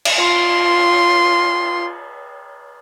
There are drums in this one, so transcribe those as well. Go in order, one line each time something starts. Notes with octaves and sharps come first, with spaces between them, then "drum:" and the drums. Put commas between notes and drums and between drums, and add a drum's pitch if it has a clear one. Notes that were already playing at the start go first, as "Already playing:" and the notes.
drum: cymbal
F4 C6